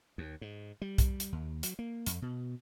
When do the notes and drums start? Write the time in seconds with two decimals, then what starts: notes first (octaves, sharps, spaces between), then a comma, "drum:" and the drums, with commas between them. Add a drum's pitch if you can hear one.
0.18 D#2
0.41 G#2
0.82 G3
0.98 drum: kick B1, hi-hat
1.20 drum: hi-hat
1.32 D#2
1.63 F#3, drum: hi-hat
1.79 A#3
2.06 F2, drum: hi-hat
2.22 B2